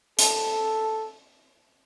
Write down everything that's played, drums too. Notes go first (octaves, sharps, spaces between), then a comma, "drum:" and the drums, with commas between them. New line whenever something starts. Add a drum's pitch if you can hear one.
A4, drum: hi-hat